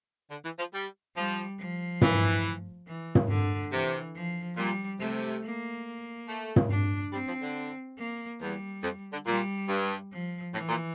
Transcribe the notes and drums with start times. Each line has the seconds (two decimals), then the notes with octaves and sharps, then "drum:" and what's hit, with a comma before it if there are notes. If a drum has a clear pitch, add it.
0.31 D3
0.45 E3
0.59 F3
0.74 G3
1.16 F3 G3
1.59 F3
2.01 E3, drum: tom
2.87 E3
3.15 drum: tom
3.29 D3
3.72 C3 E3
4.15 F3
4.57 A#2 G3
5.00 C3 A3
5.43 A#3
6.28 A3
6.56 drum: tom
6.70 D4
7.13 G3 C4
7.28 F3
7.41 D3
7.98 A#3
8.41 E2 G3
8.83 F2
9.13 D3
9.26 A#2 G3
9.69 G2
10.12 F3
10.54 A2 E3
10.69 A#2